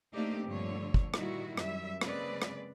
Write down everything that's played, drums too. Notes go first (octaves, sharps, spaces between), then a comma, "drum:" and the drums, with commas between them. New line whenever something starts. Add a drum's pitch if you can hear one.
A3 A#3 C4 D4 D#4 G4
G2 A#2 D3 F3 A3 C#5
drum: kick
A#2 D#3 G3 E4 F#4, drum: rim click
F#2 G3 E5, drum: rim click
C#3 G#3 A#3 C4 B4 D5, drum: rim click
drum: rim click